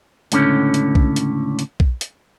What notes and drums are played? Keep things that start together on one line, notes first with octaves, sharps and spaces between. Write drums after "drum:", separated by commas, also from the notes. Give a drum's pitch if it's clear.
C#2 A2 D3 C#4, drum: hi-hat
drum: hi-hat
drum: kick B1
drum: hi-hat
drum: hi-hat
drum: kick B1
drum: hi-hat